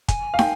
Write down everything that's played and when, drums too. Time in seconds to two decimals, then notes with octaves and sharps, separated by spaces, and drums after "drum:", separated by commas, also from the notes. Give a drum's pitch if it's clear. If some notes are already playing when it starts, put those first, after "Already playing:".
0.08 G#5, drum: kick, hi-hat
0.34 F5
0.39 G5, drum: snare